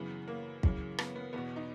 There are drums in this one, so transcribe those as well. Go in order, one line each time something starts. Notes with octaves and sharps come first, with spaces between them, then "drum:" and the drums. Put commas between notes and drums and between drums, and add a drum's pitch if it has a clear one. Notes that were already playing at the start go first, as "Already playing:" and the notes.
Already playing: F#2 C#3 E3 B3
A#3
F#2 C#3 E3, drum: kick
B3, drum: rim click
B3
E2 B2 B3
D#4